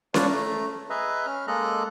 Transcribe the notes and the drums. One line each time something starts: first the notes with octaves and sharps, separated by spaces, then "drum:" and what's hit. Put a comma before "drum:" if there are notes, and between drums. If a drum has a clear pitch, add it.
B4 C#5 D5 F5 A5, drum: snare C#4
A3 A#5
G#4 B4 D#5 E5 A#5
C#4 F6
G#3 A#3 A4 D#5 A#5 F#6